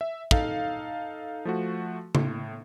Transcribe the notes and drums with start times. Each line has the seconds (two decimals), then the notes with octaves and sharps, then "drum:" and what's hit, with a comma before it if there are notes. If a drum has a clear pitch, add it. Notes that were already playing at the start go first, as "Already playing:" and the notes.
0.01 E5
0.31 D#4 A4 F5, drum: kick
1.45 F3 A3 F#4
2.15 A2, drum: tom C#3